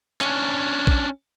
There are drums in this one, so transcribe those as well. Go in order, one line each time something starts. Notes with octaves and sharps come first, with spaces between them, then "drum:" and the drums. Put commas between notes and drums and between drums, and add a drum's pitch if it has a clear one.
C#4 D4, drum: clap
drum: kick